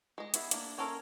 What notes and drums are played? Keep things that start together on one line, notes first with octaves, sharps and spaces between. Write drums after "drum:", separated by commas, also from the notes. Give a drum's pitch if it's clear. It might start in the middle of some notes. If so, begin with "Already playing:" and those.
G#3 D#5
B3 E4 G#4, drum: hi-hat
A#3 D4, drum: hi-hat
A#3 C#4 A4 A#4 C#5